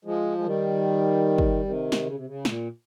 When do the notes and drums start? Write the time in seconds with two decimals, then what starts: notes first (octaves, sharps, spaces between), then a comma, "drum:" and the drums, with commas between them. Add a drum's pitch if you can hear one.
0.05 F3 G#3
0.38 G#3
0.44 D#3 G3
1.38 drum: kick
1.65 C3 D#3
1.92 drum: snare
2.05 C#3
2.15 C3
2.26 C#3
2.45 A#2, drum: snare